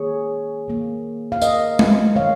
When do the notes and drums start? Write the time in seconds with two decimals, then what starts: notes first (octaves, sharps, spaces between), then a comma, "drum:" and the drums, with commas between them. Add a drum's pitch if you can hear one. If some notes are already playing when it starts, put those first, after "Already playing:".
Already playing: D#3 A#3 G#4 C#5
0.68 D#3 A#3
1.32 F5
1.42 A#4 D#5, drum: tambourine
1.79 drum: tom G#3
2.16 D#3 G#3 C#5 F5